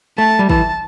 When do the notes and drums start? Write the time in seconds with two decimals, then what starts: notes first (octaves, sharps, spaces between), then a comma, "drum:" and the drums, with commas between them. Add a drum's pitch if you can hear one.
0.18 A3 A5
0.39 G3
0.49 E3 A5, drum: kick